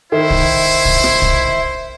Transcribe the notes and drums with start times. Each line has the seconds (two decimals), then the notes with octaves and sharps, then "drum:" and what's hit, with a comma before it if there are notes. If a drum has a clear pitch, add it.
0.12 D#3 E4 C5 E5
0.30 drum: kick
0.85 drum: kick
1.04 drum: rim click
1.22 drum: kick